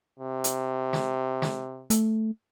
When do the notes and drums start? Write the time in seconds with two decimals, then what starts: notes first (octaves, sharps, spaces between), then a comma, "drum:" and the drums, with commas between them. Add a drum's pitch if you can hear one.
0.20 C3
0.44 drum: hi-hat
0.93 drum: snare
1.42 drum: snare
1.90 A3, drum: hi-hat